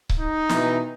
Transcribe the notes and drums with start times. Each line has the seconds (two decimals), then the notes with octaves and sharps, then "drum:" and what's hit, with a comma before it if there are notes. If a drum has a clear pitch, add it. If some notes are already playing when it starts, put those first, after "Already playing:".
0.09 drum: kick C#1
0.20 D#4
0.49 B2 D#3 E3, drum: snare